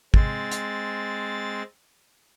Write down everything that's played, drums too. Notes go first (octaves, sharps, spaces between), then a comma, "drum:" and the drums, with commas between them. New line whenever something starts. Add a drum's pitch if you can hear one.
G#3 C4 A6, drum: kick
drum: hi-hat